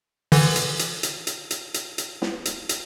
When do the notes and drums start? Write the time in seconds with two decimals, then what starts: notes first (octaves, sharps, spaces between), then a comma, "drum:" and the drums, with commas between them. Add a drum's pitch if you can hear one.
0.32 D3 E3, drum: open hi-hat
0.56 drum: hi-hat
0.79 drum: hi-hat
1.03 drum: hi-hat
1.27 drum: hi-hat
1.51 drum: hi-hat
1.74 drum: hi-hat
1.98 drum: hi-hat
2.22 drum: snare
2.45 drum: hi-hat
2.69 drum: hi-hat